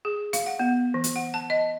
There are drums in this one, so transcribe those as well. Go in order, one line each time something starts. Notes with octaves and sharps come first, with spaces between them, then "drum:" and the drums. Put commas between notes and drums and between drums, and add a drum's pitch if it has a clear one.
G#4
F5, drum: hi-hat
F#5
B3
E3
drum: hi-hat
F#5
A5
D#5